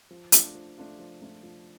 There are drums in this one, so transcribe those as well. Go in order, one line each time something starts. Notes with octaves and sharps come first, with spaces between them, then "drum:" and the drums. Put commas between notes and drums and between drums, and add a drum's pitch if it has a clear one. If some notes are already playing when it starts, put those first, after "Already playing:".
F3
A3 D4 F4, drum: hi-hat
F3
A3 D4 F4
F3
A3 D4 F4
F3